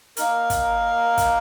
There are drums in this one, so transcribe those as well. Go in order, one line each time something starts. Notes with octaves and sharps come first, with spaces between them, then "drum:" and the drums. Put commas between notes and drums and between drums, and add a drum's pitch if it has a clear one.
A#3 D#4 A#4, drum: hi-hat
drum: kick, hi-hat
drum: kick, hi-hat